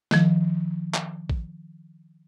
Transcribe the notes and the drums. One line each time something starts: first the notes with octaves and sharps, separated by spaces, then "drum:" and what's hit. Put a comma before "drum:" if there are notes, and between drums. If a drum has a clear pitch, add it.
D#3 F3, drum: snare
drum: clap
drum: kick A1